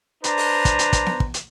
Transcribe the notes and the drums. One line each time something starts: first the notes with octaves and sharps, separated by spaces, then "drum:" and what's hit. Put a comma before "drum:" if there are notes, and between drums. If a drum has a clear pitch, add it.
D4 B4 C5 A#5, drum: hi-hat
drum: open hi-hat
drum: kick, hi-hat
drum: hi-hat
drum: kick, hi-hat
drum: snare B3
drum: kick
drum: hi-hat